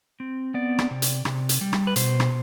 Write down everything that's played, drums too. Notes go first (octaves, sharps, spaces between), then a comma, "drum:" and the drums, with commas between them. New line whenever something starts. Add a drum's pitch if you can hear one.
C4
B3 D5
drum: rim click
C3
drum: hi-hat
C3, drum: rim click
drum: hi-hat
G3
drum: rim click
B4
B2 C5, drum: hi-hat
drum: rim click